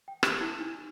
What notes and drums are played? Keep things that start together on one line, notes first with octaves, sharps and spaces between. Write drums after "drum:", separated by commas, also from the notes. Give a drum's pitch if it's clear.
G5
G4, drum: rim click
E4
D#4